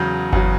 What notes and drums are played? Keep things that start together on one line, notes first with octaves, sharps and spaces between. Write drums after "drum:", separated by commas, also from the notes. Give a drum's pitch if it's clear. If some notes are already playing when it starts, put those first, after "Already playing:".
Already playing: E2 C#3 F#3 G6
E2 C#3 F#3, drum: kick G1